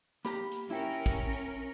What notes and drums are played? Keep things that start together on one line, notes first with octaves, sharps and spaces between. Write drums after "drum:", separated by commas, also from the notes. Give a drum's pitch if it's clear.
A#3 G4 A#5 B5, drum: hi-hat
drum: hi-hat
C#4 E4 A#4 G5
drum: kick, hi-hat
drum: hi-hat